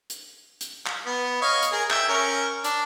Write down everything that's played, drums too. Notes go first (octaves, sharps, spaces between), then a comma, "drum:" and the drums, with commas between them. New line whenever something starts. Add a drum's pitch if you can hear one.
drum: hi-hat
drum: hi-hat
drum: clap
B3
C#5 D#5 F5
drum: hi-hat
G#4 A#4
E5 G5, drum: clap
C#4 A#4
D4, drum: hi-hat